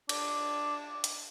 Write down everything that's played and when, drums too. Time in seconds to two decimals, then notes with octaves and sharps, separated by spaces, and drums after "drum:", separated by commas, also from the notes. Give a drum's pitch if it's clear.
0.09 D4, drum: cymbal
1.04 drum: hi-hat